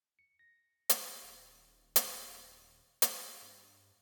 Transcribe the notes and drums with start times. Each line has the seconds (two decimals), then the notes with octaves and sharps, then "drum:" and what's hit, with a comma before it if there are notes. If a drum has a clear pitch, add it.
0.19 C#7
0.39 A#6
0.89 drum: hi-hat
1.23 D#1
1.96 drum: hi-hat
3.02 drum: hi-hat
3.42 G2